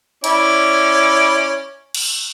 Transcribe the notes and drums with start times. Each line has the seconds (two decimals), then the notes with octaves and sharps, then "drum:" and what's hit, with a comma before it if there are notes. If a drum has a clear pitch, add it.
0.24 C#4 E4 D5, drum: hi-hat
1.95 drum: cymbal